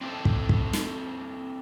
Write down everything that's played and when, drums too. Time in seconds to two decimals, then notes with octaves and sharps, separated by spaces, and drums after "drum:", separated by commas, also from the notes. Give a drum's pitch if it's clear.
0.01 C4 D4 E4 G4 A4 C5
0.25 drum: kick
0.49 drum: kick
0.73 drum: snare